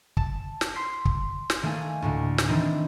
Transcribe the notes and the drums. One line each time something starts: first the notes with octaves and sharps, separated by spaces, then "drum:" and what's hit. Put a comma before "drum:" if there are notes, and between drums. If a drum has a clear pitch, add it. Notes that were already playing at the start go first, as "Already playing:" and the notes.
A5, drum: kick
drum: snare
C6 B6 C7
drum: kick
drum: snare
D#3 A3 A#3 D#4 G#5
D2 A2 D3
drum: snare
D#3 E3 C4 D4 D#4